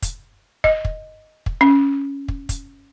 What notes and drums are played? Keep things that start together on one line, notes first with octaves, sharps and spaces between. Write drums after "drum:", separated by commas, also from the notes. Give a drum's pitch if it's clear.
drum: kick, hi-hat
D#5, drum: kick
drum: kick
drum: kick
C#4
drum: kick
drum: kick, hi-hat